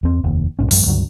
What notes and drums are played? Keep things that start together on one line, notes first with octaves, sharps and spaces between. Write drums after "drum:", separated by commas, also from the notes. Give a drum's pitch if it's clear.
E2 C4
F1 D#2
B1 G#2 C#4
A1 F#2 F#3 G#3, drum: open hi-hat
C#2 G2 D3 F#3